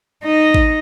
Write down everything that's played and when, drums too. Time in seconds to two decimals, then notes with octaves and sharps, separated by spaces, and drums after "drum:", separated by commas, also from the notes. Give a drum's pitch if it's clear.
0.24 D#4 D#5
0.54 drum: kick